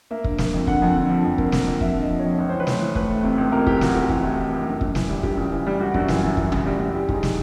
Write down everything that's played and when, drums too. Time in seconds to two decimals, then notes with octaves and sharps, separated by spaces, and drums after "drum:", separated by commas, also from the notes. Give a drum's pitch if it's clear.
0.11 A#3 E5
0.24 D3, drum: kick
0.38 A#3, drum: snare
0.53 F2
0.67 D3 F#5, drum: kick
0.82 F2
0.96 D3
1.09 F3
1.24 F2
1.38 A#3, drum: kick
1.52 A#3, drum: snare
1.66 F2
1.81 F2 E5, drum: kick
1.96 D3 D#5
2.09 F3
2.19 F2 C#5
2.38 C#2 C#5
2.49 E3 C5
2.60 B4
2.67 A3 C5, drum: snare
2.82 E3
2.95 A3 B4, drum: kick
3.10 A3
3.23 C3
3.38 C#2
3.52 C3 A#4
3.67 E3 G4, drum: kick
3.81 E3 F#4, drum: snare
3.94 E3 G4
4.09 E3, drum: kick
4.23 A3
4.38 A3
4.53 C#2
4.66 F#2
4.81 F#2, drum: kick
4.95 E3, drum: snare
5.09 G3
5.23 F#2 G4, drum: kick
5.37 C#3
5.52 E3
5.67 G3
5.80 G3 F#4
5.94 F#2, drum: kick
6.08 E3, drum: snare
6.23 F#2
6.37 E3, drum: kick
6.52 C#3, drum: tom A#1
6.66 G3
6.80 G3
6.94 E3 G4
7.09 G#2 G#4, drum: kick
7.23 drum: snare